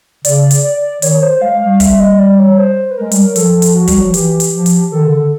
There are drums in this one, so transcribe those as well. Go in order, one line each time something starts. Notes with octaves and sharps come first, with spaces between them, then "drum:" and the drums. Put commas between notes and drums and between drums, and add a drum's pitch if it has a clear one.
C#3 D5, drum: hi-hat
drum: hi-hat
D5
D#3 C#5, drum: hi-hat
C5
G#3 F5
G3 F5
E5, drum: kick, hi-hat
D#5
D5
C#5
C5
B4
G#3 A#4
G3, drum: hi-hat
F#3
F3 A4, drum: hi-hat
drum: hi-hat
F#4
G3, drum: kick, hi-hat
F#3
F3
E3 G4, drum: hi-hat
drum: hi-hat
F3
drum: hi-hat
D#3 A4
C#3
D3